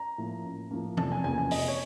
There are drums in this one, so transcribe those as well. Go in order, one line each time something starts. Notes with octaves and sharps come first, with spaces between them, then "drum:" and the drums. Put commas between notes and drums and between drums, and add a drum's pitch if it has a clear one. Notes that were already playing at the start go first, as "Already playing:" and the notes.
Already playing: A#5
A2 F3 A#3
A1
A2 F3 A#3
F1 A5, drum: tom E3
G#5
E2 C#3 F3 A#3 G#5
G#5
F1 D#5, drum: open hi-hat
C#5